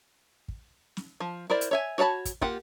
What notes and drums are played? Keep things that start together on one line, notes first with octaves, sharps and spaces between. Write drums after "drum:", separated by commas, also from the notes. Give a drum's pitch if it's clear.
drum: kick
drum: snare
F3
E4 A#4 C5 D5
drum: hi-hat
C#5 E5 G#5
F#4 C#5 F5 A5 B5
drum: kick, hi-hat
A#3 F4 G4 F#5, drum: kick